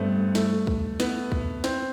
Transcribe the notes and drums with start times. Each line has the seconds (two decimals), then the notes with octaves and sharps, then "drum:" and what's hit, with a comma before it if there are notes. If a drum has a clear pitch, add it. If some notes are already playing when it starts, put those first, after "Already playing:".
Already playing: G2 A3 B3 C4
0.35 A3, drum: snare
0.67 drum: kick C2
1.00 B3, drum: snare
1.32 drum: kick C2
1.64 C4, drum: snare